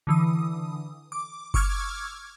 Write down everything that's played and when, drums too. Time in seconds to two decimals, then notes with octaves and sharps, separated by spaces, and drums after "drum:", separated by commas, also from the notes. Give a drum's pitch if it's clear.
0.07 D3 E3 D#6
1.12 D6
1.54 C#6 D6 E6 F6 G#6, drum: kick F#1